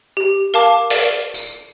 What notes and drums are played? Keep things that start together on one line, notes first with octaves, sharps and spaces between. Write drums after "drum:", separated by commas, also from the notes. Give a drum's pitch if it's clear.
G4
A#4 F5 A5 D6
D5, drum: open hi-hat
drum: tambourine